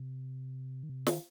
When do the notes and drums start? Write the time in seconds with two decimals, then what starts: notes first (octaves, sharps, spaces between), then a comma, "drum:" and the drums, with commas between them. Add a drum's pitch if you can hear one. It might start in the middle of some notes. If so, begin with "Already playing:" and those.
Already playing: C3
0.83 D#3
0.89 C3
1.07 D#3, drum: snare